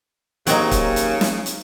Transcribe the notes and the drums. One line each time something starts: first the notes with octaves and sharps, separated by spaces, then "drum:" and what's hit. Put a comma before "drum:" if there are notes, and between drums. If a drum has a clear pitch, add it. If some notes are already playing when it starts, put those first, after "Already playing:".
D#2 C#3 F#3 C4 D#4 A#5, drum: hi-hat
drum: kick, hi-hat
drum: hi-hat
drum: snare
drum: hi-hat